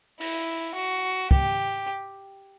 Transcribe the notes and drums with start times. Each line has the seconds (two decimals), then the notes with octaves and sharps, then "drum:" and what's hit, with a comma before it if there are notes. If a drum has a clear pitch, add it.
0.21 E4, drum: open hi-hat
0.75 F#4
1.31 G4, drum: kick